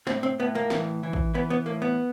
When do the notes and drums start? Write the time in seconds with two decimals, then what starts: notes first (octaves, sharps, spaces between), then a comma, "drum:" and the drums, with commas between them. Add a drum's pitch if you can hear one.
0.07 A2 C4, drum: snare
0.23 C4
0.39 A2 B3
0.55 A#3
0.70 E3, drum: snare
1.03 E3
1.13 drum: kick A1
1.34 E3 B3
1.50 B3
1.66 A2 A#3
1.82 B3